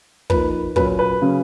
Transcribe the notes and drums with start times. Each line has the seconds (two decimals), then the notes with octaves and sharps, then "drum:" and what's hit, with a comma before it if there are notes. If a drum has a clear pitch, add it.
0.30 F3 A#3 D#4 B4, drum: kick
0.76 A#2 F#3 C#4 B4, drum: kick
0.99 B4
1.22 C#3 F#3 C#4